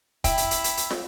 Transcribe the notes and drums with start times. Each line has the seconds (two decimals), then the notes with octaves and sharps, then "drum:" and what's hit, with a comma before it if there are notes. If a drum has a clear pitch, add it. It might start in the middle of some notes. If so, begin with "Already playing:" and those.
0.24 E4 G5, drum: kick, hi-hat
0.37 drum: hi-hat
0.51 drum: hi-hat
0.64 drum: hi-hat
0.77 drum: hi-hat
0.90 drum: snare